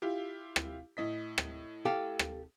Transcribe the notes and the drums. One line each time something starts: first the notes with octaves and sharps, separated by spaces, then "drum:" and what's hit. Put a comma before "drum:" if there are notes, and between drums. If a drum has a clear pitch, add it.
E4 F4 G4
drum: rim click
A2 D#5 B6
drum: rim click
G4 A4 F5
drum: rim click